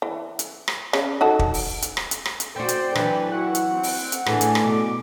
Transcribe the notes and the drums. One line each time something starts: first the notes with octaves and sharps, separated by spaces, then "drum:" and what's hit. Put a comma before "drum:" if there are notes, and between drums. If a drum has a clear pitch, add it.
E3
drum: hi-hat
drum: rim click
C#3, drum: rim click
D#4 F#4 A4
drum: kick
drum: open hi-hat
drum: hi-hat
drum: rim click
drum: hi-hat
drum: rim click
drum: hi-hat
C4 F#4 C5 D5 G5
drum: hi-hat
E3 F#3 D4 B4, drum: rim click
E4 F#4 F#5
drum: hi-hat
C4
drum: open hi-hat
drum: hi-hat
A2 E3 D4 G#4, drum: rim click
drum: hi-hat
drum: rim click
B2 D6